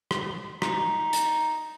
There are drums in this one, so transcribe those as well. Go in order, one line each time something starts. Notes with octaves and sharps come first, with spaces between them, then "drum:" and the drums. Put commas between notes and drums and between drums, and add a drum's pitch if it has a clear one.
drum: rim click
D#4, drum: rim click
drum: hi-hat